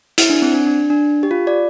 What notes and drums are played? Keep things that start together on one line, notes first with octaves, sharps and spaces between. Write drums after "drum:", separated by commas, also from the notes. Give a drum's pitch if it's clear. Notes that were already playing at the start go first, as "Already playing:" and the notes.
E4, drum: hi-hat
D4
C4
D4
D4
D4
G4
F4
D5